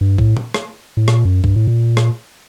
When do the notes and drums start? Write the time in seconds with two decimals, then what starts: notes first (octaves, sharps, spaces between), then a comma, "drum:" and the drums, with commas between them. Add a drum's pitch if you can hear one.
0.01 G2
0.18 A2, drum: kick
0.37 drum: tom A#2
0.54 drum: rim click
0.97 A2
1.08 A#2, drum: rim click
1.25 F#2
1.44 G2, drum: kick
1.56 A2
1.67 A#2
1.97 drum: rim click